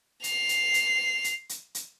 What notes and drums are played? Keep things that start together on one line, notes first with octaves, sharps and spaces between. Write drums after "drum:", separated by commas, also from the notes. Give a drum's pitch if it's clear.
C7 F7, drum: hi-hat
drum: hi-hat
drum: hi-hat
drum: hi-hat
drum: hi-hat
drum: hi-hat